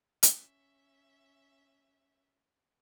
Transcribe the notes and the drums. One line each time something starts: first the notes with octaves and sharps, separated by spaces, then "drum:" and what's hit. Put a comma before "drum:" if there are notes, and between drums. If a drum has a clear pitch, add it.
C#4 E5, drum: hi-hat